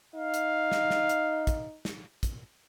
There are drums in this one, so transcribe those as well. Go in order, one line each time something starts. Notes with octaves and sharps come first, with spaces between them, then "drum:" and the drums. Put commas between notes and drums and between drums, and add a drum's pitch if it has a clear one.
D#4 F5
drum: hi-hat
drum: snare
drum: snare
drum: hi-hat
drum: kick, hi-hat
drum: snare
drum: kick, hi-hat